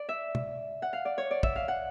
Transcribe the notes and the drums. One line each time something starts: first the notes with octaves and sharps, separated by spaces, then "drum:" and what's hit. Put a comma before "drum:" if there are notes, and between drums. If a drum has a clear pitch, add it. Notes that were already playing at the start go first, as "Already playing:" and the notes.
Already playing: D5
E5
drum: tom
F#5
F5
D5
C#5
D5
E5, drum: kick
F5
F#5